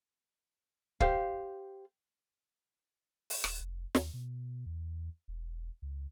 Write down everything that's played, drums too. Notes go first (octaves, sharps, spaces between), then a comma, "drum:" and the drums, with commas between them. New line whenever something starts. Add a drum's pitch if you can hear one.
G4 C5 F5, drum: kick
drum: open hi-hat
D#1, drum: rim click
F1
D#2, drum: snare
B2
E2
E1
C#2